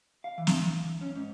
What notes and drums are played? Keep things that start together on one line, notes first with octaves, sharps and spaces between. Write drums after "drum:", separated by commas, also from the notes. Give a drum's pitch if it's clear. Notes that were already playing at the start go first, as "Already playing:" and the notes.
F5
E3
drum: snare
C#4
G#2